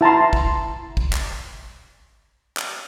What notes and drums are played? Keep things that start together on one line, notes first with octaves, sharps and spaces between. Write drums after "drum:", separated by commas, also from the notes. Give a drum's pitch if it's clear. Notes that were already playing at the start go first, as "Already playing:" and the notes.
E4 A5 A#5 C6
drum: kick
drum: kick
drum: clap
drum: clap